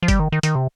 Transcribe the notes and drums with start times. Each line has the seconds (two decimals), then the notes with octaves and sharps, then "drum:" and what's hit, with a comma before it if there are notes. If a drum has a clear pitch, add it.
0.02 F3
0.08 G3, drum: kick G1, hi-hat
0.20 D#3
0.32 D#3
0.43 D#3, drum: hi-hat
0.55 C3